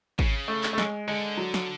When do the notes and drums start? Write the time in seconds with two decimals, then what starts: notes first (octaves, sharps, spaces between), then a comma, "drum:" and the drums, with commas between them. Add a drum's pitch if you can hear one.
0.19 C#3, drum: kick G#1
0.48 A3
0.63 drum: clap
0.73 A3
0.78 G#3, drum: snare
1.08 D3 G#3
1.37 F#3
1.54 drum: snare